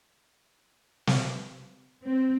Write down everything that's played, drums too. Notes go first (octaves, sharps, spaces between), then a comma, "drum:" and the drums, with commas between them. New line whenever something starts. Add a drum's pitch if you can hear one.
drum: snare
C4